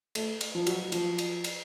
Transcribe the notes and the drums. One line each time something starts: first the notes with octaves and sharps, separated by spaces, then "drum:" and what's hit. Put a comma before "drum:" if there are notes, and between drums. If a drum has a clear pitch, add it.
A3, drum: cymbal
drum: cymbal
F3
F#3, drum: cymbal
F#3
F3, drum: cymbal
drum: cymbal
drum: cymbal